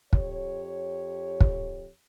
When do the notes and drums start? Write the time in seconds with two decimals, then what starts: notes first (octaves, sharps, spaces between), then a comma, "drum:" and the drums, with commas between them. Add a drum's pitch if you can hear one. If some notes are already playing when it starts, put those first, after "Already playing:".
0.13 F2 G4 C#5, drum: kick
1.41 drum: kick